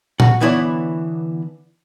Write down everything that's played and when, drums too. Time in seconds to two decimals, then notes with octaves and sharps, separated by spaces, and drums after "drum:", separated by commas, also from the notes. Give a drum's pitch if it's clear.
0.20 F#4, drum: tom A#2
0.41 D3 E3 B3 E4 C#5 D5